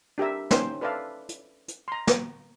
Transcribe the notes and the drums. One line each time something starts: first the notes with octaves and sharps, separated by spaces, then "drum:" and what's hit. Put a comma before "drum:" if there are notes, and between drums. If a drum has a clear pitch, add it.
D4 G4 A#4 E5
C#4 D#4 C5 G5, drum: snare
A4 B4 D5 E5 F5 A5
drum: hi-hat
drum: hi-hat
A#5 C6
drum: snare